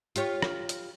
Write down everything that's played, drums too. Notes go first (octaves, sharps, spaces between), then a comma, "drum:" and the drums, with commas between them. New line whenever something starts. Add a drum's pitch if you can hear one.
F4 G4 C#5, drum: hi-hat
drum: rim click
drum: hi-hat